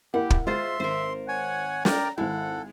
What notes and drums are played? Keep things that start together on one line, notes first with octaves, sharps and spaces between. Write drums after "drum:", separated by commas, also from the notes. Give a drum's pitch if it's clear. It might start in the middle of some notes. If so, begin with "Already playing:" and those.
A#3 E4 G4 F#5
drum: kick
G#3 F4 C5 E5 C6 A6
G#1 A#4 C5
C#5 F#5 G#5
A#4 D5 G5 A#5, drum: snare
G#1 G#3 E4 A4 F#5